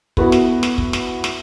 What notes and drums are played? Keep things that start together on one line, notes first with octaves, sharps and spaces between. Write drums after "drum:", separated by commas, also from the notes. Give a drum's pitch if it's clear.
B3 E4 F#4 A4 B4, drum: kick
drum: snare
drum: snare
drum: kick
drum: snare
drum: snare